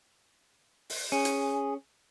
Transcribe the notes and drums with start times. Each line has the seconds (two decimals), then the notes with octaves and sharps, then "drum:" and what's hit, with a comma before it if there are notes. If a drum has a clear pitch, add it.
0.90 drum: open hi-hat
1.12 C#4 G#4
1.25 drum: hi-hat